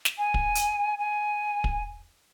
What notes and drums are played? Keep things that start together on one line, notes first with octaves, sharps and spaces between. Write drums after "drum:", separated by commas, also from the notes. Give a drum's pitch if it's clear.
drum: snare
G#5
drum: kick
drum: hi-hat
G#5
drum: kick